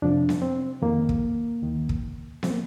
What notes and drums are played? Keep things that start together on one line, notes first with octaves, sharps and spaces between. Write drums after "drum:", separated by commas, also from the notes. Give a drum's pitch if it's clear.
F2 C3 F3 D4
drum: snare B3
C4
F2 D#3 A#3
drum: kick
D#2 D#3
drum: kick
F3 C4, drum: snare B3
A#3